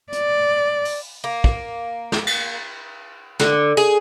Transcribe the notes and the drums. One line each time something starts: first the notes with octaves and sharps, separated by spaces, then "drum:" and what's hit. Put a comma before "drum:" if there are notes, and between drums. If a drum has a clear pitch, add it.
D5, drum: hi-hat
drum: open hi-hat
A#3
drum: kick
drum: snare
drum: cymbal
D3, drum: snare
G#4